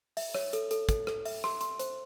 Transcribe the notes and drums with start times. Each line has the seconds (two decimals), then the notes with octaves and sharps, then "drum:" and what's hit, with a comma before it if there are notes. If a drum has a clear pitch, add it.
0.17 E5, drum: open hi-hat
0.34 C#5, drum: rim click
0.53 A4, drum: hi-hat
0.71 A4, drum: hi-hat
0.89 A4, drum: kick, hi-hat
1.07 A4, drum: rim click
1.25 E5, drum: open hi-hat
1.44 C6, drum: rim click
1.61 C6, drum: hi-hat
1.79 C5, drum: hi-hat